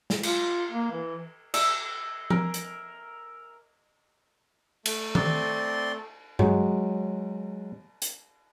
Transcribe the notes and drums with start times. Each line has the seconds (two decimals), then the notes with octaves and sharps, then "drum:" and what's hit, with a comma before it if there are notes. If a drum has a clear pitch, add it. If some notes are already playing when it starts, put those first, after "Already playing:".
0.10 drum: snare
0.23 F4, drum: cymbal
0.71 A#3
0.92 E3
1.54 E5, drum: cymbal
2.30 A#4, drum: tom F3
2.54 drum: hi-hat
4.86 A3, drum: cymbal
5.15 C4 D5 C6, drum: tom D#3
6.39 F#3 G#3 F#4, drum: tom G2
8.02 drum: hi-hat